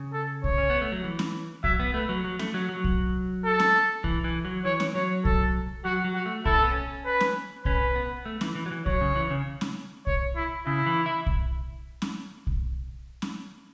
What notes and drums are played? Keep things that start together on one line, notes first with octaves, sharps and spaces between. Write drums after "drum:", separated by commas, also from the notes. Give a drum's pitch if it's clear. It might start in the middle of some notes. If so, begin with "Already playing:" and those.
Already playing: C#3
A4
C#5, drum: kick B1
C#4
B3
A3
F#3
E3
drum: snare C#4
F#3 E5, drum: kick B1
B3
A3 B4
F#3
F#3
A3, drum: snare C#4
F#3
F#3
drum: kick B1
A4
drum: snare C#4
E3, drum: kick B1
E3
F#3
E3 C#5
drum: snare C#4
F#3 C#5
A4, drum: kick B1
F#3 F#4
F#3
F#4
A3
E4 A4, drum: kick B1
C#4
B3
C#4
B4
drum: snare C#4
C#4 B4, drum: kick B1
B3
A3
E3, drum: snare C#4
E3
F#3
E3
F#3 C#5, drum: kick B1
C#3
E3
C#3
drum: snare C#4
C#5, drum: kick B1
E4
C#3 E4
E3
E4
drum: kick B1
drum: snare C#4
drum: kick B1
drum: snare C#4